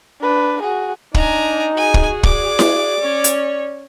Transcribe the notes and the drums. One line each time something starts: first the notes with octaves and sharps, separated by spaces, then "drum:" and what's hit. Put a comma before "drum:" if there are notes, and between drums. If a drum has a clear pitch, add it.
D4 B4
F#4 G#4
D4 D#4 G#5 A#5, drum: kick
F#4 G#4 G#5
drum: kick
D5 D6, drum: kick
drum: snare E4
C#4 C#5
drum: hi-hat